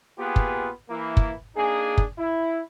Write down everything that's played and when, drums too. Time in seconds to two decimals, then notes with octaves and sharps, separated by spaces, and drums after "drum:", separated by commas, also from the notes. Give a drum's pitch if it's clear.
0.19 A#3 B3 F4 G4 G#4 B4
0.36 drum: kick
0.90 E3 A#3 E4
1.17 drum: kick
1.56 A#3 D4 D#4 G#4
1.98 drum: kick
2.18 E4